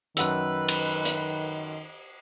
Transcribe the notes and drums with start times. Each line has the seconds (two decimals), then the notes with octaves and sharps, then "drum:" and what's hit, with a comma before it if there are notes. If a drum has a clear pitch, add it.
0.17 F#2 D#3 B4 F#5 E6, drum: hi-hat
0.69 drum: cymbal
1.05 drum: hi-hat